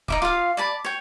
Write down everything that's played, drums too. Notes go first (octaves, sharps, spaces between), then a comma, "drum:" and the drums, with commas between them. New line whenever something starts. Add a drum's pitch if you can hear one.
D#4 E4 D6, drum: kick C#1
F4 F5
D5 A5 B5
C#5 G5